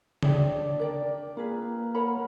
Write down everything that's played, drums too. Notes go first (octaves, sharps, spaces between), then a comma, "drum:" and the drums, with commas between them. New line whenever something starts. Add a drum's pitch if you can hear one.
D4 G#4 C#5 E5 G5, drum: tom C#3
A#4 D5 G5
A#3 F4 G#4 B4
A#4 C#5 F#5 B5